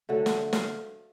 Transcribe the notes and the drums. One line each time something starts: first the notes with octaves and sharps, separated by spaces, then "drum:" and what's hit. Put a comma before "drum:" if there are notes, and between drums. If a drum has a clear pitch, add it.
D3 F#3 A3
drum: snare
F5, drum: snare